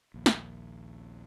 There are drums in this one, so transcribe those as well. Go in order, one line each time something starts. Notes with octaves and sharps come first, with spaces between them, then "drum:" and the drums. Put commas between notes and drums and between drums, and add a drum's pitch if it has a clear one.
A#1 D#2
drum: snare